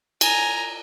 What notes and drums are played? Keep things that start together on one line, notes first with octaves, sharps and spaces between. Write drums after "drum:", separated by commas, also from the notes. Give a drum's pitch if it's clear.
G#5 A#5, drum: cymbal